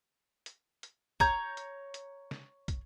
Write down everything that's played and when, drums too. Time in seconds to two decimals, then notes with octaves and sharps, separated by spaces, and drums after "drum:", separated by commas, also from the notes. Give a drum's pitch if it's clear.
0.46 drum: hi-hat
0.83 drum: hi-hat
1.20 C#5 A#5 G6, drum: kick, hi-hat
1.57 drum: hi-hat
1.94 drum: hi-hat
2.31 drum: snare
2.68 drum: kick, hi-hat